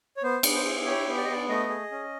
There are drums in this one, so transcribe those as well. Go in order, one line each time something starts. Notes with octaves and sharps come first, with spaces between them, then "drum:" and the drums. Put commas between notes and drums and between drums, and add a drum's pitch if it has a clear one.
C#5
B3 C5
B3, drum: cymbal
C5
E4
G4 C#5
B3
D5
D#5
B3 D5
A3 D#5
G#4
C#4